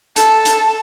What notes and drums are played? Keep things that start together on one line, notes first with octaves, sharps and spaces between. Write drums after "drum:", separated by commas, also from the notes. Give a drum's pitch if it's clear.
A4, drum: hi-hat
drum: hi-hat